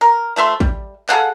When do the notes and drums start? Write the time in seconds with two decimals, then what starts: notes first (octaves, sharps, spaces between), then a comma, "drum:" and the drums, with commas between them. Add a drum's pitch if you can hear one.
0.01 A#4
0.36 F3 A3 E5 C6
0.60 G3, drum: kick
1.09 G#4 A4 F5 F#5, drum: clap